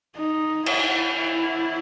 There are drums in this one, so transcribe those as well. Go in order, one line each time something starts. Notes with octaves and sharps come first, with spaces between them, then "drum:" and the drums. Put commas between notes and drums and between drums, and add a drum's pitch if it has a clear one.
D#4
E4, drum: cymbal
E4